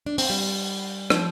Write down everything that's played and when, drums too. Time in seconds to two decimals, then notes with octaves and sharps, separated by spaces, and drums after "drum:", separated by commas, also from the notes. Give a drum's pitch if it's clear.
0.06 D4
0.18 C4, drum: open hi-hat
0.30 G3
1.10 F3, drum: rim click